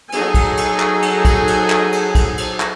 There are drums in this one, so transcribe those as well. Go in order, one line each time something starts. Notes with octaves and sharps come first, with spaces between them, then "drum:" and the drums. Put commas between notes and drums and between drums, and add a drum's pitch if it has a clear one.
F#3 D#4 G#4 A4 G#5, drum: cymbal
drum: kick, cymbal
drum: cymbal
drum: clap
drum: cymbal
drum: kick, cymbal
drum: cymbal
drum: clap
drum: cymbal
drum: kick, cymbal
drum: cymbal
drum: clap